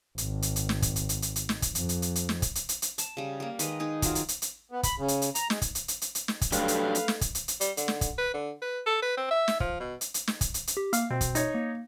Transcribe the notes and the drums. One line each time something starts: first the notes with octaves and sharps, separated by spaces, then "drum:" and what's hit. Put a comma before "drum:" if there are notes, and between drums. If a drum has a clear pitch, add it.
G#1, drum: hi-hat
drum: hi-hat
drum: hi-hat
drum: snare
drum: kick, hi-hat
drum: hi-hat
drum: hi-hat
drum: hi-hat
drum: hi-hat
drum: snare
drum: kick, hi-hat
F2, drum: hi-hat
drum: hi-hat
drum: hi-hat
drum: hi-hat
drum: snare
drum: kick, hi-hat
drum: hi-hat
drum: hi-hat
drum: hi-hat
A5, drum: hi-hat
C#3 G3
G3 A#3
D#3 G#3 B4 D#5, drum: hi-hat
D#4 G#4
D#3 F#3 F4, drum: kick, hi-hat
drum: hi-hat
drum: hi-hat
drum: hi-hat
B3
B5, drum: kick, hi-hat
C#3
drum: hi-hat
drum: hi-hat
A#5, drum: hi-hat
G#3, drum: snare
drum: kick, hi-hat
drum: hi-hat
drum: hi-hat
drum: hi-hat
drum: hi-hat
drum: snare
drum: kick, hi-hat
F#3 A3 D4 G4 B4 F5, drum: hi-hat
drum: hi-hat
drum: hi-hat
drum: snare
drum: kick, hi-hat
drum: hi-hat
drum: hi-hat
G3, drum: hi-hat
D3, drum: hi-hat
drum: snare
drum: kick, hi-hat
B4
D3
B4
A4
B4
C4
E5
drum: snare
F3, drum: kick
B2
drum: hi-hat
drum: hi-hat
drum: snare
drum: kick, hi-hat
drum: hi-hat
drum: hi-hat
G4
A#3 F5, drum: hi-hat
B2 C4
drum: kick, hi-hat
D#4 C#5, drum: hi-hat
A#3